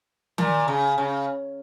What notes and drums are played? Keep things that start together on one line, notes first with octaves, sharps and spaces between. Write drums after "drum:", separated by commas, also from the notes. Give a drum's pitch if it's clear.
A#2, drum: tom D#3
C#3
C#3